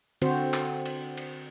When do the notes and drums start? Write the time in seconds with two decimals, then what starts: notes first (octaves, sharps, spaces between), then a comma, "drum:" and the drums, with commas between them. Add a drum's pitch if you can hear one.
0.22 D3 C4 F#4 C5, drum: cymbal
0.54 drum: clap
0.86 drum: cymbal
1.17 drum: cymbal